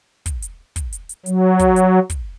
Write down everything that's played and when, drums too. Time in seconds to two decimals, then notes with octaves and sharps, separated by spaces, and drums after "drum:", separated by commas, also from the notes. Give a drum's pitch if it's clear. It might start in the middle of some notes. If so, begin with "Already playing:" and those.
0.26 drum: kick, hi-hat
0.42 drum: hi-hat
0.76 drum: kick, hi-hat
0.93 drum: hi-hat
1.09 drum: hi-hat
1.26 F#3, drum: hi-hat
1.59 drum: kick, hi-hat
1.76 drum: hi-hat
2.10 drum: kick, hi-hat